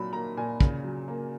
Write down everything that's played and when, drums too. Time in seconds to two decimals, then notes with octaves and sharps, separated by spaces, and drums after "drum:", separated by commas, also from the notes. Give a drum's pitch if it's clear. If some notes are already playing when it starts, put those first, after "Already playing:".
Already playing: A#2 F#3 B5
0.13 A#3 A#5
0.37 A#2 G#5
0.60 C#3, drum: kick
0.84 F#3
1.08 A#3